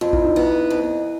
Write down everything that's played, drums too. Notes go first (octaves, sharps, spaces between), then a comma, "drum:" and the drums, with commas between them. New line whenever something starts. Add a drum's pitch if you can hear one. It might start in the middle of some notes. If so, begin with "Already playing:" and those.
F2 F4
E4, drum: kick A#1
D#4
B3 E4
F2